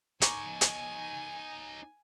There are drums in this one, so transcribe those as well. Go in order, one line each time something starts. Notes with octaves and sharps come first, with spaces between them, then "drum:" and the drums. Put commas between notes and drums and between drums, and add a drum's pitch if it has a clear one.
D#4 C#5 G#5 A#5 C#6 D6, drum: hi-hat
drum: hi-hat